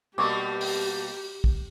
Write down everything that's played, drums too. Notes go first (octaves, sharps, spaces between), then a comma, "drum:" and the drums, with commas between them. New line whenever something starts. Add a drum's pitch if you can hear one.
B2 G3 A#3 G4 C#6 D6
drum: open hi-hat
drum: kick A#1